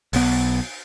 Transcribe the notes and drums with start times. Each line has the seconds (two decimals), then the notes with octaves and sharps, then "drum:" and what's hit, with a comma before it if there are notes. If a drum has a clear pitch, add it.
0.13 B1 B3, drum: open hi-hat